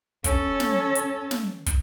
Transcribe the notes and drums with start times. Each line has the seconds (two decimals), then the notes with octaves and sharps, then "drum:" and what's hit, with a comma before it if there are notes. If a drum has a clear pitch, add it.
0.24 C#4 A4, drum: kick, hi-hat
0.60 drum: snare
0.95 drum: hi-hat
1.31 drum: snare
1.66 drum: kick, hi-hat